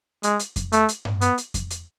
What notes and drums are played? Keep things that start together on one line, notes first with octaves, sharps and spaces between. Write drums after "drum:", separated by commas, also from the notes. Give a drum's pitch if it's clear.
G#3, drum: hi-hat
drum: hi-hat
drum: kick F2, hi-hat
A3, drum: hi-hat
drum: hi-hat
drum: tom G2
B3, drum: hi-hat
drum: hi-hat
drum: kick F2, hi-hat
drum: hi-hat